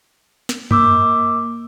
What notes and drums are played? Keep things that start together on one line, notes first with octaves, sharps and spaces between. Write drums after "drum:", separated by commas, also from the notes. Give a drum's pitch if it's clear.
drum: snare
A#3 D6 E6, drum: tom F#2